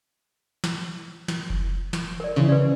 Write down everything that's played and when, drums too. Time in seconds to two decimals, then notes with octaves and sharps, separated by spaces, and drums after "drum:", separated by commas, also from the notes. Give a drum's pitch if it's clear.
0.64 drum: snare
1.28 drum: snare
1.50 drum: kick F1
1.93 drum: snare
2.20 A#4 D5
2.36 C#3 E3 C6
2.49 C#4 B4 D5